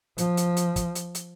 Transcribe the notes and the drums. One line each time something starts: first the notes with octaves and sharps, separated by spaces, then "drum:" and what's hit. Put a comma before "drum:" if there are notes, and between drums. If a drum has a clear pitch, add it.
F3, drum: hi-hat
drum: hi-hat
drum: hi-hat
drum: kick, hi-hat
drum: hi-hat
drum: hi-hat